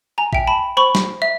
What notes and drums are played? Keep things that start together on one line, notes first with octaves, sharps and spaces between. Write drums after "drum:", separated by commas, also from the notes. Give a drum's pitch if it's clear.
G#5 A#5
E5 G5, drum: kick A1
A5 B5
C5 B5 C#6
drum: snare
E5